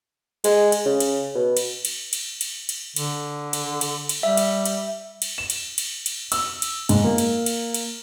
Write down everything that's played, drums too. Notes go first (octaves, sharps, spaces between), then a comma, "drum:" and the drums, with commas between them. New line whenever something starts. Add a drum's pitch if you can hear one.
G#3, drum: cymbal
drum: cymbal
C#3
drum: cymbal
B2
drum: cymbal
drum: cymbal
drum: cymbal
drum: cymbal
drum: cymbal
D3, drum: cymbal
drum: cymbal
drum: cymbal
drum: cymbal
G3 E5
drum: cymbal
drum: cymbal
drum: cymbal
E7
drum: cymbal
drum: cymbal
drum: cymbal
E6, drum: cymbal
drum: cymbal
G#2, drum: cymbal
A#3
drum: cymbal
drum: cymbal
drum: cymbal